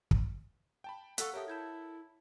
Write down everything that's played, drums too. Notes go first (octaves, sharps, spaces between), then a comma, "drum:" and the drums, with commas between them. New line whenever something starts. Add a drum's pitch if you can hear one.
drum: kick
G5 A5 B5
A4 F5 F#5 C#6 F#6 B6, drum: hi-hat
G4 A4 A#4 C#5 E5 D#6
E4 A5 G6 G#6